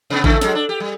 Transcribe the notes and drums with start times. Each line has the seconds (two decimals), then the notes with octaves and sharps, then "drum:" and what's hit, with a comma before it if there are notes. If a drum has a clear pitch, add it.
0.10 C3 B3
0.24 C#3 E3 A3, drum: kick A1
0.41 F#3 G#3 A4, drum: snare
0.55 D4
0.69 G4
0.80 G3